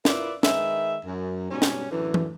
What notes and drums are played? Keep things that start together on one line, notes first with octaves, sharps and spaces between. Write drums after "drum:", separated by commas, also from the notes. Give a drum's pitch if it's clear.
E4 F4 A#4 B4 D5 E5, drum: snare
D#3 G#3 B4 E5, drum: snare
F#2
G#2 B2 G3 C#4
drum: snare
F#2 A2 D3 E3
drum: tom E3